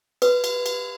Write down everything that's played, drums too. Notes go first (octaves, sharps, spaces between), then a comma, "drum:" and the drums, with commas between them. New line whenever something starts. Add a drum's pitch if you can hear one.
B4, drum: cymbal
drum: cymbal
drum: cymbal